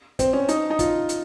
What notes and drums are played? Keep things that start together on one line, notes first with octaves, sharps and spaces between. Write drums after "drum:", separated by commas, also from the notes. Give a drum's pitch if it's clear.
C4, drum: kick, hi-hat
C#4
D#4, drum: hi-hat
D#4
F4, drum: kick, hi-hat
drum: hi-hat